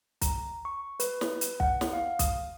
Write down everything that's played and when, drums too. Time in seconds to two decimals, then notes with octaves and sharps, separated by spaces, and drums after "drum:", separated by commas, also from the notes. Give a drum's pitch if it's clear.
0.21 A#5, drum: kick, hi-hat
0.65 C#6
1.00 B4, drum: hi-hat
1.21 drum: snare
1.41 drum: hi-hat
1.60 F#5, drum: kick
1.81 drum: snare
1.93 F5
2.19 D#6, drum: kick, hi-hat